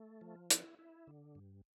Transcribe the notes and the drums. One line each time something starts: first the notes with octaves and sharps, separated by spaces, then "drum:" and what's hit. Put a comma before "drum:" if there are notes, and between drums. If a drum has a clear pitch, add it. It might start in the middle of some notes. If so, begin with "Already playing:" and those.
Already playing: A3
F3
E4, drum: hi-hat
E4
D3
G2